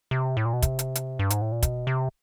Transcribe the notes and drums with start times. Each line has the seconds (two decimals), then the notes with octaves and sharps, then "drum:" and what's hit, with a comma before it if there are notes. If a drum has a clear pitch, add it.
0.11 C3
0.37 A2
0.45 A#2
0.53 B2
0.62 C3, drum: kick, hi-hat
0.79 drum: hi-hat
0.95 drum: hi-hat
1.19 G2
1.30 G#2, drum: hi-hat
1.42 A2
1.52 A#2
1.62 B2, drum: kick, hi-hat
1.87 C3